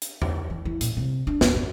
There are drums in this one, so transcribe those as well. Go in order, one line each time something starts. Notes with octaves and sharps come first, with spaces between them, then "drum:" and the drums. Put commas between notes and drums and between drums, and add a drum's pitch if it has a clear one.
drum: hi-hat
drum: tom E2
E3
E3
A#2, drum: hi-hat
C3
D4
F2, drum: snare
F#2